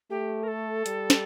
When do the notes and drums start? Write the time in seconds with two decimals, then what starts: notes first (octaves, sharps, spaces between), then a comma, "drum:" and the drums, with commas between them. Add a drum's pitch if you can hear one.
0.10 A3 G4
0.43 A#4
0.48 A4
0.86 G3, drum: hi-hat
1.10 drum: snare